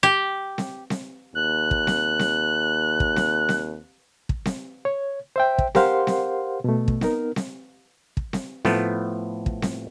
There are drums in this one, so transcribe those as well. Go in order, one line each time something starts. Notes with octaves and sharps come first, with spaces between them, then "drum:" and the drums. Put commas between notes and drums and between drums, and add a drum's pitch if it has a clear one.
G4
drum: snare C4
drum: snare C4
D#2 F#6
drum: kick
drum: snare C4
drum: snare C4
drum: kick
drum: snare C4
drum: snare C4
drum: kick
drum: snare C4
C#5
C5 E5 G5
drum: kick
G4 A#4 C5 F5 F#5 C6, drum: snare C4
drum: snare C4
B2 A3
drum: kick
B3 D#4 A#4, drum: snare C4
drum: snare C4
drum: kick
drum: snare C4
A2 F3 A3 B3, drum: snare C4
drum: kick
drum: snare C4